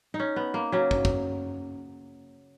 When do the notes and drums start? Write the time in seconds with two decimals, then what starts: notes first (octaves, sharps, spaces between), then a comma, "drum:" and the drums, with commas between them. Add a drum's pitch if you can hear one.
0.14 D#4
0.20 C#4
0.36 B3
0.54 A#3
0.72 C#3 F#3 C#4
0.91 drum: kick
1.05 drum: kick